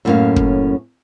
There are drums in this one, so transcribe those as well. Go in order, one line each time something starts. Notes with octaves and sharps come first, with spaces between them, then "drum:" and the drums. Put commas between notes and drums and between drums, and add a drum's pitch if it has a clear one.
F#2 A2 D#3 A#3 C#4 F5
drum: kick